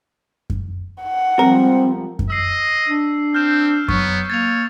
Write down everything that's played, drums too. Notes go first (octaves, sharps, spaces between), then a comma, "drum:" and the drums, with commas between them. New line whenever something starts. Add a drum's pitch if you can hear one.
drum: kick F#2
F#5
F3 G3 G#3 C4 A#4
drum: kick F#2
D#5 E6 C7
D4
C4 F6 G6 E7
F#3 B3 C#6, drum: kick F#2
A#3 C#5 A6 F7